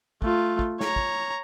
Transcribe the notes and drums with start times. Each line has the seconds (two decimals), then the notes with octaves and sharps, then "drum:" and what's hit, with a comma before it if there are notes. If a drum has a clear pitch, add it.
0.22 A3 F4, drum: kick
0.59 drum: kick
0.81 C#5 A#5, drum: snare
0.96 drum: kick